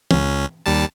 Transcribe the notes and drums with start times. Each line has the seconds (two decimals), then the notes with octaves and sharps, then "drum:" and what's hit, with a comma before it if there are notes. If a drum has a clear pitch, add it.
0.11 C#2 C#4, drum: tom
0.66 D#2 G3 A5